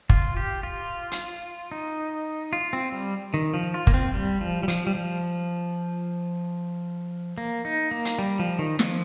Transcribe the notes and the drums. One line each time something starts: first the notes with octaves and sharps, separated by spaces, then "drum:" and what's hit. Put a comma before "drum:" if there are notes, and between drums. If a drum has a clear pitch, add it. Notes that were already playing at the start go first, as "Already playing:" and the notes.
F4, drum: kick
G4
F4
drum: hi-hat
D#4
F4
C4
G3
D#3
F3
F4
A#3, drum: kick
C4
G3
F3
G3
F3, drum: hi-hat
G3
F3
A#3
D#4
A#3
drum: hi-hat
G3
F3
D#3
F3, drum: snare